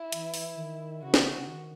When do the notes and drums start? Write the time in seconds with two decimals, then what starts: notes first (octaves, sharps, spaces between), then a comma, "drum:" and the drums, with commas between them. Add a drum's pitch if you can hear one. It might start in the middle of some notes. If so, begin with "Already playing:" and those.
Already playing: E4
0.12 E3, drum: hi-hat
0.34 drum: open hi-hat
0.57 D#3
1.02 C#3 F#4
1.14 drum: snare
1.37 C#3
1.47 D#3